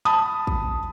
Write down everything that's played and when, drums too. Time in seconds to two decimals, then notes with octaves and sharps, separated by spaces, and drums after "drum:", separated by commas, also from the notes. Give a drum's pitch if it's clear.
0.05 A5 B5 D#6
0.47 drum: kick